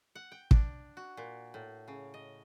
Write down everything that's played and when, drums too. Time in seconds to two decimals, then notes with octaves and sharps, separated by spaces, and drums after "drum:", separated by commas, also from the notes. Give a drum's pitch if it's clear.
0.15 F#5
0.32 G5
0.51 D4, drum: kick
0.97 F#4
1.17 A#2
1.54 A2
1.88 C#3
2.14 D#5